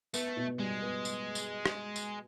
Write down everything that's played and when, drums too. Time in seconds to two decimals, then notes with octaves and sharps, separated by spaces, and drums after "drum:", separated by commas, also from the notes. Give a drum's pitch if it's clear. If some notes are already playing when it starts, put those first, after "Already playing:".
0.14 A3 B3, drum: tambourine
0.37 B2
0.60 G3 G#3
0.82 B3
1.05 drum: tambourine
1.35 drum: tambourine
1.66 drum: rim click
1.96 drum: tambourine